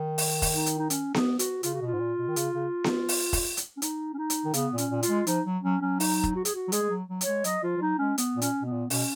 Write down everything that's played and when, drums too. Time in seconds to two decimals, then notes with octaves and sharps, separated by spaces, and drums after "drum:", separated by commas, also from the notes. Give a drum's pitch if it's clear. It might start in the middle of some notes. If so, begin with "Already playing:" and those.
Already playing: D#3
0.18 drum: open hi-hat
0.42 drum: kick, open hi-hat
0.54 D#4
0.66 drum: hi-hat
0.79 D#4
0.90 C#4, drum: hi-hat
1.14 B3, drum: snare B3
1.39 F#4, drum: hi-hat
1.63 C#3 F4, drum: hi-hat
1.74 F#4
1.81 B2 F4
1.93 G#2
2.00 A#2
2.18 B2
2.28 D#3
2.36 C#3, drum: hi-hat
2.54 C#3
2.84 drum: snare B3
3.09 drum: open hi-hat
3.33 drum: kick, open hi-hat
3.57 drum: hi-hat
3.77 C#4
3.82 D#4, drum: hi-hat
4.14 C#4
4.18 D#4
4.30 drum: hi-hat
4.45 D#3
4.54 C#3 B3, drum: hi-hat
4.73 A#2
4.78 C#4, drum: hi-hat
4.90 A#2
5.03 F4, drum: hi-hat
5.08 G#3
5.27 F3 D#4, drum: hi-hat
5.45 F#3
5.63 F#3 C#4
5.81 F#3 C#4
6.00 D#4, drum: open hi-hat
6.24 drum: kick
6.36 F#4
6.45 G#4, drum: hi-hat
6.55 F#4
6.68 F#3
6.72 G#3 G#4, drum: hi-hat
6.82 G#3
6.90 F#3
7.09 F#3
7.21 C#5, drum: hi-hat
7.27 G#3
7.44 F#3 D#5, drum: hi-hat
7.63 F3 F4
7.77 F3
7.81 F#3 D#4
7.99 G#3 C#4
8.18 B3, drum: hi-hat
8.36 A#2
8.42 C#4, drum: hi-hat
8.62 B2 B3
8.72 A#2
8.90 B2 C#4, drum: open hi-hat